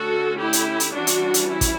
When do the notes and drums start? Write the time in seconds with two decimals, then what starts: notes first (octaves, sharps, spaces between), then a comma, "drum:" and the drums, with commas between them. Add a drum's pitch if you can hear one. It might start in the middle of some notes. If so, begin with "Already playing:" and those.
Already playing: D3 A3 C#4 F#4 A4
0.39 E4 G4
0.53 drum: hi-hat
0.80 drum: hi-hat
0.93 E3 G3 C#4 D4 F#4
1.07 drum: hi-hat
1.34 drum: hi-hat
1.47 E4
1.61 drum: kick, hi-hat